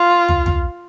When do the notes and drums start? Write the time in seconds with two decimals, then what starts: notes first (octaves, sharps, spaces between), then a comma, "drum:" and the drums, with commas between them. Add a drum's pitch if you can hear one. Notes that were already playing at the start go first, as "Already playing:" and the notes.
Already playing: F4
0.29 drum: tom
0.46 drum: tom